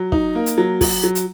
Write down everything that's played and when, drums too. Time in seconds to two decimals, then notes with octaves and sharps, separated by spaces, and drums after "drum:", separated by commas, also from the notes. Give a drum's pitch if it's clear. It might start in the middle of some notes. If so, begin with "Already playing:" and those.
Already playing: F#3
0.12 D#4, drum: kick
0.35 A#3
0.46 drum: hi-hat
0.58 F#3
0.81 F#3, drum: kick, open hi-hat
1.04 F#3
1.15 drum: hi-hat